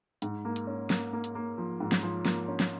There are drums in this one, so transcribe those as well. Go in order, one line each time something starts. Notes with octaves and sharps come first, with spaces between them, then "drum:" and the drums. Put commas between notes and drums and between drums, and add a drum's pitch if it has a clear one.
G#2, drum: hi-hat
A#3
drum: hi-hat
C#4
A#3, drum: snare
A#3
drum: hi-hat
A#3
F3
G#2
drum: snare
F3
A#3, drum: snare
C#4
drum: snare